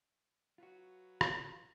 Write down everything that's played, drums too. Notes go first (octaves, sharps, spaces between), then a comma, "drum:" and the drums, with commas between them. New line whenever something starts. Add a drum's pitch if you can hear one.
F#3 F4 F#4 B4
drum: rim click